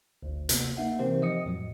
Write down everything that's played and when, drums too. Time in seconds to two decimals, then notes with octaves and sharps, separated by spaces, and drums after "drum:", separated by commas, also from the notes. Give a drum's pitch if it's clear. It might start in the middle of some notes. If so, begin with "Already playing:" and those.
0.23 G1 D2
0.49 C3 A#3 B3, drum: hi-hat
0.77 A#3 D#4 E5 F#5
0.99 C3 E3 C4 G4 A#4 C5
1.22 F3 D#5 D#6 C#7
1.45 F2 A2 F#3